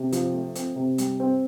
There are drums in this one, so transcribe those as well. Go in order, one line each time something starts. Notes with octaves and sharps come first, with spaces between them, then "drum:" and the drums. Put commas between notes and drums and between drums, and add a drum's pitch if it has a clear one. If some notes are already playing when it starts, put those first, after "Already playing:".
Already playing: C3
F3, drum: hi-hat
A3
C4, drum: hi-hat
C3
G3, drum: hi-hat
C4